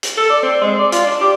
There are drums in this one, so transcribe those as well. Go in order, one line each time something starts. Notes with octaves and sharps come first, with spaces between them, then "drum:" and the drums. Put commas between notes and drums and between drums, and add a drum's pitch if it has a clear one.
drum: hi-hat
A4
D5
C4
G#3
D5
F4, drum: hi-hat
D4
G4